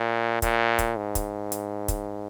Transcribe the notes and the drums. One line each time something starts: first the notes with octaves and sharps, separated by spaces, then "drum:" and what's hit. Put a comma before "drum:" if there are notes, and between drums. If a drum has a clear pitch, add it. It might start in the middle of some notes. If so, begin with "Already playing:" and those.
Already playing: A#2
A#2, drum: kick, hi-hat
drum: kick, hi-hat
G#2
drum: kick, hi-hat
drum: hi-hat
drum: kick, hi-hat